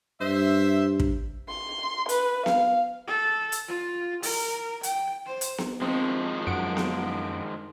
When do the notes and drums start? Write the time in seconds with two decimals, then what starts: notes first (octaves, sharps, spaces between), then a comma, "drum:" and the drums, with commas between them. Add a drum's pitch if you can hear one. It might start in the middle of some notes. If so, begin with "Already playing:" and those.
0.21 G2 C5 E5
1.00 drum: kick
1.49 C6
2.09 B4, drum: hi-hat
2.46 F5, drum: snare B3
3.07 A4
3.52 drum: hi-hat
3.68 F4
4.23 A#4, drum: open hi-hat
4.83 G5, drum: hi-hat
5.26 C5
5.41 drum: hi-hat
5.58 drum: snare B3
5.82 D#3 F3 G#3 C4
6.47 F#2 F#5 D7
6.77 drum: snare B3